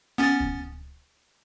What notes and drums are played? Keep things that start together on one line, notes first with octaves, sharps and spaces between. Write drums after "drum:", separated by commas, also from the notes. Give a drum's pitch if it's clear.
B3 C#4 A6
drum: kick D2